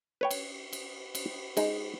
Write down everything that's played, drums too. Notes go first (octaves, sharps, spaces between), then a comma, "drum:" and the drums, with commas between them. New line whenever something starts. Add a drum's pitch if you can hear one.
B4 C#5 G5
drum: cymbal
drum: cymbal
drum: cymbal
G#3 D#4, drum: cymbal